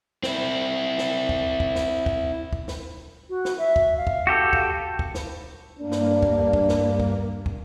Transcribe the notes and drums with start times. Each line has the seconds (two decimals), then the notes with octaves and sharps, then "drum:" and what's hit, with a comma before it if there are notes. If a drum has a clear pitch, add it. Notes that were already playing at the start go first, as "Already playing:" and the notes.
0.23 C4 E4, drum: snare
0.98 drum: snare
1.29 drum: kick
1.60 drum: kick
1.75 drum: snare
2.06 drum: kick
2.53 drum: kick
2.68 drum: snare
3.30 F#4
3.45 drum: snare
3.58 E5
3.76 drum: kick
3.97 F5
4.07 drum: kick
4.27 F#4 G4 A4
4.53 drum: kick
4.99 drum: kick
5.15 drum: snare
5.79 G2 A#3 D4
5.92 drum: snare
6.23 drum: kick
6.53 drum: kick
6.69 drum: snare
7.00 drum: kick
7.46 drum: kick